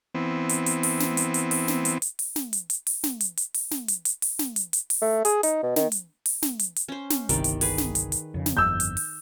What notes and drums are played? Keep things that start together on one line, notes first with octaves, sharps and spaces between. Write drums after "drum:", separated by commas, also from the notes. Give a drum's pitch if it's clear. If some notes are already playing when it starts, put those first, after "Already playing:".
E3 B3 C4
drum: hi-hat
drum: hi-hat
drum: open hi-hat
drum: snare
drum: hi-hat
drum: hi-hat
drum: open hi-hat
drum: snare
drum: hi-hat
drum: hi-hat
drum: open hi-hat
drum: snare
drum: hi-hat
drum: hi-hat
drum: open hi-hat
drum: snare
drum: hi-hat
drum: hi-hat
drum: open hi-hat
drum: snare
drum: hi-hat
drum: hi-hat
drum: open hi-hat
drum: snare
drum: hi-hat
drum: hi-hat
drum: open hi-hat
A3
G#4, drum: hi-hat
D#4, drum: hi-hat
B2
D#3, drum: snare
drum: hi-hat
drum: open hi-hat
drum: snare
drum: hi-hat
drum: hi-hat
C#4 C5
drum: snare
G1 C2 C3 D#3 G3 D5, drum: hi-hat
drum: hi-hat
G#4 B4, drum: open hi-hat
drum: snare
drum: hi-hat
drum: hi-hat
F2 C#3
drum: snare
G1 F2 E6 G6
drum: hi-hat
drum: open hi-hat